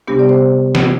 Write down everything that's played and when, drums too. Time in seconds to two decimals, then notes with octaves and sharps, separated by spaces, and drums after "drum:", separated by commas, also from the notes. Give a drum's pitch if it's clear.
0.07 C3 G3 B3 D4 G4
0.19 D5
0.29 C5
0.75 drum: snare